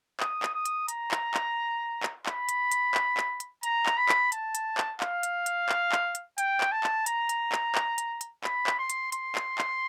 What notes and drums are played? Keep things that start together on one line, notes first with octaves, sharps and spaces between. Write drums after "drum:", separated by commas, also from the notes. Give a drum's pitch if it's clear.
D#6, drum: clap
drum: clap
D#6
drum: hi-hat
A#5, drum: hi-hat
drum: clap
drum: clap
drum: clap
B5, drum: clap
drum: hi-hat
drum: hi-hat
drum: clap
drum: clap
drum: hi-hat
A#5, drum: hi-hat
drum: clap
B5
drum: clap
A5, drum: hi-hat
drum: hi-hat
drum: clap
F5, drum: clap
drum: hi-hat
drum: hi-hat
drum: clap
drum: clap
drum: hi-hat
G5, drum: hi-hat
drum: clap
A5
drum: clap
A#5, drum: hi-hat
drum: hi-hat
drum: clap
drum: clap
drum: hi-hat
drum: hi-hat
B5, drum: clap
drum: clap
C6
drum: hi-hat
C6, drum: hi-hat
drum: clap
drum: clap